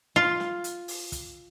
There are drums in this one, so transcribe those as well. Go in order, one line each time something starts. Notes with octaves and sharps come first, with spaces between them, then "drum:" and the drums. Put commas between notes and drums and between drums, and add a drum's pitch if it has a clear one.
F4
drum: snare
drum: hi-hat
drum: open hi-hat
drum: kick, hi-hat